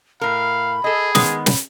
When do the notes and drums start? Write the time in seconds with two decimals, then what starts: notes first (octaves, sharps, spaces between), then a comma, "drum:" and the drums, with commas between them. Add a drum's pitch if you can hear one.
0.21 A2 A#4 F5 B5
0.84 G#4 A4 D#5
1.15 D#3 G#3 B3 D#6, drum: snare
1.46 drum: snare